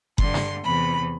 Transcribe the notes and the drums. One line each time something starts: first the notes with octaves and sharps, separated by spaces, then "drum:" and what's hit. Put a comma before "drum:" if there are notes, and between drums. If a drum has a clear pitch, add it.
G2 D3 G3 C6, drum: kick F#1
drum: snare
E2 C3 E3 B5